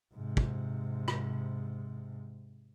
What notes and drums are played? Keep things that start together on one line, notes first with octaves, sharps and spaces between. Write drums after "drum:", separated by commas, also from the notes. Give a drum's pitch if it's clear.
G#2 C3
drum: kick
drum: rim click